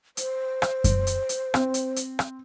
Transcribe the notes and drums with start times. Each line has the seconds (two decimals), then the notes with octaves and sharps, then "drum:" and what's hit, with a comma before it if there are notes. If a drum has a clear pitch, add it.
0.17 C5, drum: hi-hat
0.62 drum: rim click
0.84 drum: kick F#2, hi-hat
1.07 drum: hi-hat
1.29 drum: hi-hat
1.54 C4, drum: rim click
1.74 drum: hi-hat
1.96 drum: hi-hat
2.19 drum: rim click